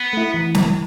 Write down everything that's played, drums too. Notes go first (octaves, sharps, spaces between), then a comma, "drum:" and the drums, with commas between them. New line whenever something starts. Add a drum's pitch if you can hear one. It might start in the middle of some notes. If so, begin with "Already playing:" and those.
Already playing: B3
A3 E4
E3
drum: snare